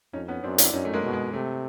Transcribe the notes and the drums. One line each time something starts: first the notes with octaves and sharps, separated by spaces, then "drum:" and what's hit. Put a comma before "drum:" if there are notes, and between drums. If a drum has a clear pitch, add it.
F2 C#4 D#4
B3 C#4
F#2 C4 D4
D4 E4, drum: hi-hat
F#2 C#4 D#4
A3
G#3 A#3
B2
G#3
C3 A3